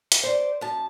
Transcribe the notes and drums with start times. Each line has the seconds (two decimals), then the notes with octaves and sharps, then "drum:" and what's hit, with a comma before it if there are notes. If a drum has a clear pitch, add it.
0.12 drum: hi-hat
0.23 C5 D5
0.61 F#2 A5